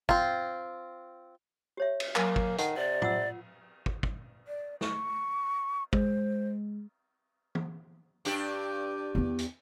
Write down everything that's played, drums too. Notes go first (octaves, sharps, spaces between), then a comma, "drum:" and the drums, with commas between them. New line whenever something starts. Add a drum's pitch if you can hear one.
C4 F4, drum: kick
G4 C#5 E5
drum: cymbal
F#3 A#3 G#5 A5, drum: clap
drum: kick
D#3 A4 F#5 A5, drum: hi-hat
C3 D5
F4 F#5 E6, drum: tom A2
drum: kick
drum: kick
D5
C#6, drum: snare
G#3 C5, drum: kick
drum: tom E3
G2 D4 G4, drum: hi-hat
E2 B3
drum: hi-hat